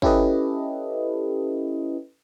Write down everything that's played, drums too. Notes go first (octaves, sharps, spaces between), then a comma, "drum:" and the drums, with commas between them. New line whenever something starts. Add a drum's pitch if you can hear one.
C#4 E4 G4 A4 B4 D#5, drum: kick